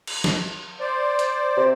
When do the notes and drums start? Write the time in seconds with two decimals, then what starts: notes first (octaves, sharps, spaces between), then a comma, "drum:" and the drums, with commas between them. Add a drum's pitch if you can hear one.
0.07 drum: cymbal
0.24 drum: snare
0.80 C5 D5
1.19 drum: hi-hat
1.57 C3